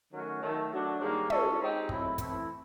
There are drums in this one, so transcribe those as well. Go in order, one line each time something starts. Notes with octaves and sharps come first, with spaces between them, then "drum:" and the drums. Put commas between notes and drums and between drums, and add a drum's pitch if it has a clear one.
D#3 F#3 A3 C#4 F#4
D#3 F#3 A3
F#3 A3 D4 F#4
G#2 D#3 G3 A#3
G#3 C#4 F4 A4, drum: tom
G#3 C4 D#4 G4
F#3 A3 C4 E4, drum: kick
E3 A3 C4 E4, drum: kick, hi-hat